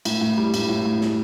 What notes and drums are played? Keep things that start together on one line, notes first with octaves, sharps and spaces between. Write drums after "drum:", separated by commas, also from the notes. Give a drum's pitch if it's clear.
A2, drum: cymbal
A2
G3
A2, drum: cymbal
A2
A2
drum: snare